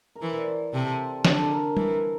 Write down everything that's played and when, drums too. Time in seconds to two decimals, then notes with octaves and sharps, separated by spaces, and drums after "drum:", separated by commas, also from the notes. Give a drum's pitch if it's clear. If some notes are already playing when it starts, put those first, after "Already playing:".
0.16 A#4
0.22 E3 C5
0.38 D5
0.47 C5
0.73 C3 A4
1.25 D3 A4, drum: snare
1.51 A#4
1.77 E3 A#4, drum: tom G3
1.94 A#4